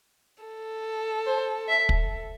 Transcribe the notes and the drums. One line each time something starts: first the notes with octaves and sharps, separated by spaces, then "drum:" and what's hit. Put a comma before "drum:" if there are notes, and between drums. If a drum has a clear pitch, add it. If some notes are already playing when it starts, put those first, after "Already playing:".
A4
C5
E5
drum: kick